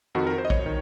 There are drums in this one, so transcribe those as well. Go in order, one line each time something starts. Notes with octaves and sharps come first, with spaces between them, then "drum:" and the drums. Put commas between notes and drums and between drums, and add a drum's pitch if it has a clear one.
F2 D#3 F#4
A#4
C5
D#5
C#5, drum: kick A#1
D#3